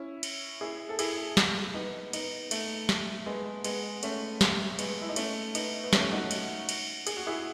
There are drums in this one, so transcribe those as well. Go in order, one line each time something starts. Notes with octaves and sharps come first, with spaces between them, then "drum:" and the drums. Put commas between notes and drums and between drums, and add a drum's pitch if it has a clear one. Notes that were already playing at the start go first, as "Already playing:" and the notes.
Already playing: C#4 E4
drum: cymbal
E4 G#4
A4
E4 G#4, drum: cymbal
drum: snare
B3 D#4
B3 D#4, drum: cymbal
A3, drum: cymbal
drum: snare
G#3 B3
G#3 B3, drum: cymbal
A3 C#4, drum: cymbal
drum: snare
G#3 B3, drum: cymbal
E4
D#4
A3 C#4, drum: cymbal
B3 D#4, drum: cymbal
B3
A3 C#4, drum: snare
D#4 F#4
drum: cymbal
drum: cymbal
G#4, drum: cymbal
F#4
E4 G#4